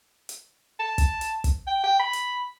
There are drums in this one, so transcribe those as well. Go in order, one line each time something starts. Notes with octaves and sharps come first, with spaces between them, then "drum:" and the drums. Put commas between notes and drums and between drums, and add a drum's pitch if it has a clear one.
drum: hi-hat
A5
drum: kick, hi-hat
drum: hi-hat
drum: kick, hi-hat
G5
G5
B5
drum: hi-hat